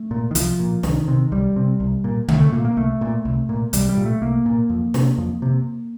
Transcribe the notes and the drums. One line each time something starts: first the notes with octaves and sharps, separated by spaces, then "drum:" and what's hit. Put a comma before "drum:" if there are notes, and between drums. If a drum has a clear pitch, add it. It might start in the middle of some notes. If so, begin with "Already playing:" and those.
Already playing: A3
A#2
D#3
C2 F3, drum: hi-hat
A#2
C2 D#3, drum: snare
C3
C2 G3
C3
C2
A#2
C2 A3, drum: tom C#3
A3
A#2 A#3
A#3
C2 A3
A#2
C2
A#2
C2 G3, drum: hi-hat
G3
A#2
A3
C2 A#3
A#2
F2
C3, drum: snare
F2
C3